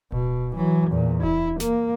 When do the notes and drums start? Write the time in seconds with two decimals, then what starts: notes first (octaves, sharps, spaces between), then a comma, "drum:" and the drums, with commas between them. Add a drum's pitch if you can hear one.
0.12 B2, drum: kick D1
0.55 E3 F#3
0.91 E2 A#2
1.23 E4, drum: kick D1
1.60 A#3, drum: snare